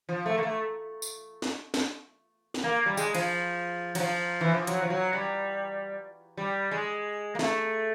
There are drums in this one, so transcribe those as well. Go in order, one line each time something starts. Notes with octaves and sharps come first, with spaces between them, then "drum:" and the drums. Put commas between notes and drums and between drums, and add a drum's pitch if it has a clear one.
F3
A3
A#3
A3
drum: tambourine
drum: snare
drum: snare
drum: snare
A#3
G3
G#3, drum: tambourine
F3, drum: cymbal
F#3, drum: cymbal
F3
E3
F3
F#3, drum: hi-hat
F3
F#3
G3
G3
G#3
A#3
A3, drum: snare